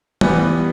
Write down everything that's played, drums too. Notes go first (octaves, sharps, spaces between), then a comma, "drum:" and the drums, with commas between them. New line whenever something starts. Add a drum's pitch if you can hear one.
E3 G3 B3, drum: tom